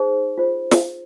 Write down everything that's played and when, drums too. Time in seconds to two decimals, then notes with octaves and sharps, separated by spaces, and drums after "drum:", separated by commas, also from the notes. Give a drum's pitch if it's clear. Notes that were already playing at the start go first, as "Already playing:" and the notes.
Already playing: D#4 G#4 C5
0.38 F4 C5
0.71 drum: snare